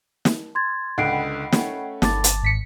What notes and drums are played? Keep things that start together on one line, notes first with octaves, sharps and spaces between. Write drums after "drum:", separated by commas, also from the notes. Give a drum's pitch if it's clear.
drum: snare
C6 G#6 A6
C#2 D3 D#5 F#5 G5 B5 C7 D7
A3 C#4, drum: snare
G1 A5 D6 A6, drum: snare
drum: hi-hat
G#1 B6 C#7